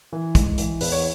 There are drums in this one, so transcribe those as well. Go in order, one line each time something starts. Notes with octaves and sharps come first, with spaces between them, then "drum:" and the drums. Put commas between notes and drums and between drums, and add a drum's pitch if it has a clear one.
E3
G#2, drum: kick, hi-hat
E3, drum: hi-hat
E2 B4, drum: open hi-hat
C#5